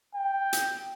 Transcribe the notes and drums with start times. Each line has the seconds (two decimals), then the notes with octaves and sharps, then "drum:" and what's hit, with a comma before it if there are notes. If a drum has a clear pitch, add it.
0.15 G5
0.53 drum: hi-hat